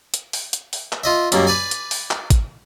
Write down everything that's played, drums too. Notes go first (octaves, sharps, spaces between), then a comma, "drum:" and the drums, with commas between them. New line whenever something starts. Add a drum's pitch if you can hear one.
drum: hi-hat
drum: open hi-hat
drum: hi-hat
drum: open hi-hat
drum: clap
F4 D#5 E5
F#2 B2 G3 A#3, drum: hi-hat
B4 D5 G#5
drum: hi-hat
drum: open hi-hat
drum: clap
drum: kick, hi-hat